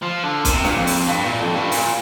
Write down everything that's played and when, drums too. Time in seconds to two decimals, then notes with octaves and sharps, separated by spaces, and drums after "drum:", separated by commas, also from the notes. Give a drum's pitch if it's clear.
0.02 F3
0.24 D3
0.45 A#2, drum: kick, hi-hat
0.54 C3
0.65 A#2, drum: snare
0.76 F2
0.87 drum: open hi-hat
1.08 G2
1.24 A#2
1.40 F2
1.55 G2
1.72 A#2, drum: open hi-hat